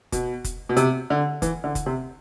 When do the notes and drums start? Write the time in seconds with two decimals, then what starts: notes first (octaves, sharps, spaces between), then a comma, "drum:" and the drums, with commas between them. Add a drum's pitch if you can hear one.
0.12 B2, drum: kick F1, hi-hat
0.44 drum: kick F1, hi-hat
0.69 B2
0.77 C3, drum: hi-hat
1.10 D3
1.42 E3, drum: kick F1, hi-hat
1.64 D3
1.75 drum: kick F1, hi-hat
1.86 C3